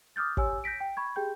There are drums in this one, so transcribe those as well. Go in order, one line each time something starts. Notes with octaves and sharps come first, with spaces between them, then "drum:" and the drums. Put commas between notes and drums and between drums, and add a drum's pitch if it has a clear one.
D6 D#6 F6 G6 A6
G4 C#5 G#5 E6, drum: kick
G6 A#6 B6 D7
G5
B5 C#6 G#6
G4 G#4 G5 G6